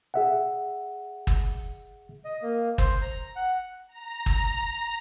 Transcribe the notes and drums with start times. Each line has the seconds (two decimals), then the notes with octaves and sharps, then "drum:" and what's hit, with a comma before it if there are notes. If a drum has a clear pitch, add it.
0.14 G#4 E5 F#5
1.27 drum: kick G1
2.25 D#5
2.42 A#3
2.78 C5, drum: kick G1
3.02 A#5
3.36 F#5
3.89 A#5
4.26 drum: kick G1